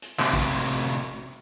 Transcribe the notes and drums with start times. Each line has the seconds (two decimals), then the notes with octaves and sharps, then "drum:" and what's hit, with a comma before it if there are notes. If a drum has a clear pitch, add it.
0.02 drum: hi-hat
0.19 C3 A3 C4 F#4 E5, drum: clap
0.33 drum: kick A1